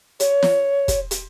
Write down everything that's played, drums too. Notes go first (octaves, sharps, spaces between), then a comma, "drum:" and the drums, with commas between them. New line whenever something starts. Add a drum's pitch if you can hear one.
C#5, drum: hi-hat
drum: snare
drum: kick, hi-hat
drum: hi-hat